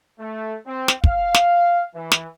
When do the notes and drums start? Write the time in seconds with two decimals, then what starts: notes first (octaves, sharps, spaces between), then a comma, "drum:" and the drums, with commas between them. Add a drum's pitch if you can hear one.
0.19 A3
0.67 C4
0.88 drum: snare
1.04 F5, drum: kick
1.34 drum: snare
1.95 E3
2.12 drum: snare